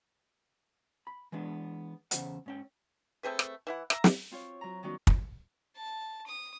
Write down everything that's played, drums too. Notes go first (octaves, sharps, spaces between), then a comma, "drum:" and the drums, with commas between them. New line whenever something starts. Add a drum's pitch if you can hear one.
B5
E3 G#3 B3 D4
E2 C#3 F#3 C5 F#5, drum: hi-hat
G#2 C#4 G5
A3 C4 G#4 B4
drum: rim click
E3 E4 F#5
E5 A#5, drum: rim click
drum: snare
C4 F4 C#5
F#3 A#5
D#3 G3 B3 C#4 D#4 F#4
drum: kick
A5
D#6